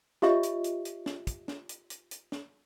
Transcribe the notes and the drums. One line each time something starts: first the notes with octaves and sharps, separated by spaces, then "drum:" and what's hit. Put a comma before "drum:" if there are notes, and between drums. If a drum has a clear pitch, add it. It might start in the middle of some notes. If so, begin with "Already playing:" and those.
F4 G4 C#5 D#5 E5 C#6, drum: snare
drum: hi-hat
drum: hi-hat
drum: hi-hat
drum: snare
drum: kick, hi-hat
drum: snare
drum: hi-hat
drum: hi-hat
drum: hi-hat
drum: snare